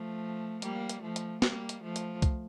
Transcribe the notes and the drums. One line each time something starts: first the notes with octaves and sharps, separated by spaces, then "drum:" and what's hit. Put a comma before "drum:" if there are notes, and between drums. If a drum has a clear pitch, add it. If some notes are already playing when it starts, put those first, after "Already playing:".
Already playing: F3 A3
G3 A#3, drum: hi-hat
drum: hi-hat
F3 A3
drum: hi-hat
G3 A#3, drum: snare
drum: hi-hat
F3 A3
drum: hi-hat
drum: kick C2, hi-hat